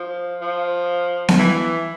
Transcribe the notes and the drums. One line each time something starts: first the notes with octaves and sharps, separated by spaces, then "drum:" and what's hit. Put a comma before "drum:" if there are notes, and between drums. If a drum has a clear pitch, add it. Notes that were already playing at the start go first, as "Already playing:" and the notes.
Already playing: F3
F3
drum: snare B3
E3